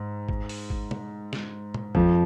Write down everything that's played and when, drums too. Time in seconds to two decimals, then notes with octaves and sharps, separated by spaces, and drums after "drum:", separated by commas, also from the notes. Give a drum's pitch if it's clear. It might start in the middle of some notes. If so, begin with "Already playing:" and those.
Already playing: G#2
0.29 drum: kick
0.49 drum: open hi-hat
0.70 drum: kick
0.91 drum: tom
1.33 drum: snare
1.74 drum: tom
1.95 F2 F3, drum: kick